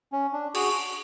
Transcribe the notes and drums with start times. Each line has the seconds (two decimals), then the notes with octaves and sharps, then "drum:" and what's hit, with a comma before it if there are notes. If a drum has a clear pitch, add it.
0.12 C#4
0.33 D4
0.55 F#4 G#4, drum: cymbal